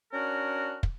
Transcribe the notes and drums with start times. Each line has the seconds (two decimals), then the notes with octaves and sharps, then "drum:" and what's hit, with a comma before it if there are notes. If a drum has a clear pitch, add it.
0.13 C#4 D4 F#4 A#4
0.83 drum: kick